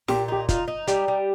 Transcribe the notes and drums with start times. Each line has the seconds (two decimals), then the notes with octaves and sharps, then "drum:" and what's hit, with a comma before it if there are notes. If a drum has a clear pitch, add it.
0.08 A#2 G4, drum: snare
0.28 D#4 G4
0.49 D#4 F4, drum: kick, hi-hat
0.68 D#4
0.87 G3 G4, drum: hi-hat
1.08 G3